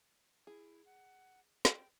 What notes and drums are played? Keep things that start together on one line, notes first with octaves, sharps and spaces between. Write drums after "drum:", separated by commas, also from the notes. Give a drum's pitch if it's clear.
E4 G#4
F#5
G5, drum: snare